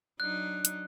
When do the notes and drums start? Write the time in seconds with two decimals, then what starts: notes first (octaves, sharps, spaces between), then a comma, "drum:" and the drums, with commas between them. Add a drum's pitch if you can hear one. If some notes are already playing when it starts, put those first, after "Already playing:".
0.20 F#3 D4 D#4 F#6
0.65 drum: hi-hat